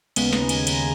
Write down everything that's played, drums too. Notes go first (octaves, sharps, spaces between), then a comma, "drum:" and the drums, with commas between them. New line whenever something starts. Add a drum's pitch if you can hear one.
D#2 C#3 G#3 B3, drum: cymbal
A#5, drum: snare
G#5, drum: cymbal
A#5, drum: cymbal